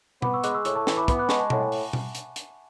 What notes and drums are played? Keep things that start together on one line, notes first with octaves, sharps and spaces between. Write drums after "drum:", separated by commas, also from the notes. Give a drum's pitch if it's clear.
B3 B5 D6, drum: tom B2
C#6 E6
G#3 D6 F#6, drum: hi-hat
C#6 E6
A2 C#6 E6, drum: hi-hat
A5 C#6
E3, drum: snare
B5 D6
B3 B5 D6, drum: kick, hi-hat
D6 F#6
G#3 A5 C#6, drum: snare
A5 C#6
A2 F#5 A5, drum: tom B2
E5 G#5
drum: open hi-hat
drum: tom B2
drum: hi-hat
drum: hi-hat